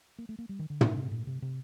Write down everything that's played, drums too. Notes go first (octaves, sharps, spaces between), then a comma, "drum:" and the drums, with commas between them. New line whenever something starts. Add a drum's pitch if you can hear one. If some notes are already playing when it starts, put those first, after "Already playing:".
A#3
A3
A#3
G3
D#3
D3
A#2, drum: tom
C3
A#2
C3
C3